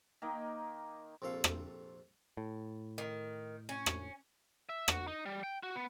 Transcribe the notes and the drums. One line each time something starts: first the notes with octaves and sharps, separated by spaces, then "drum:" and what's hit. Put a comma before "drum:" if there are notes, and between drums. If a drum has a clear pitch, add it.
D#3 A#3 D#4
A#1 F2 C3 A4 F5
drum: rim click
A2
D#3
C#4
drum: rim click
E5
F#4, drum: rim click
D#4
G3
G5
F#4
B3